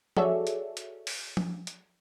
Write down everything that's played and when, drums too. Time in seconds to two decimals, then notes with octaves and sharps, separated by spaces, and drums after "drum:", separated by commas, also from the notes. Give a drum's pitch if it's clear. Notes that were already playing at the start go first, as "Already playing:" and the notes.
0.17 F#4 G#4 A4 C#5 D5 E5, drum: tom F3
0.47 drum: hi-hat
0.77 drum: hi-hat
1.07 drum: open hi-hat
1.37 drum: tom F3
1.67 drum: hi-hat